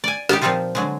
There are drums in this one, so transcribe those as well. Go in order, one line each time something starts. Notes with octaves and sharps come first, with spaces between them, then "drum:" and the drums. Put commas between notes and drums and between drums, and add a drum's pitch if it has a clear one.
D5 G#5
B3 D#4 G4, drum: snare
A#2 F3 G3 C4 D#4 F4
D3 F#3 G#3